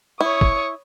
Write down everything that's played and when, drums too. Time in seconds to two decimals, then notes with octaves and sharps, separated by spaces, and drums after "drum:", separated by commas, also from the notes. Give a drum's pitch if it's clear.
0.21 E4 C#5 C#6 D#6
0.41 drum: kick